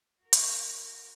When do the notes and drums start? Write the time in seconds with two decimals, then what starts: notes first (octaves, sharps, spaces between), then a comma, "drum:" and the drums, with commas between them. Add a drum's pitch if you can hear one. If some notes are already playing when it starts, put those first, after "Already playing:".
0.22 F#4 A#4
0.33 drum: hi-hat